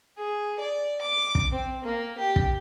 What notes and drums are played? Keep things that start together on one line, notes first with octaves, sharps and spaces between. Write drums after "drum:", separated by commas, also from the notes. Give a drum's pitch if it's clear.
G#4
D5
D6
drum: kick
C4
A#3
G4
drum: kick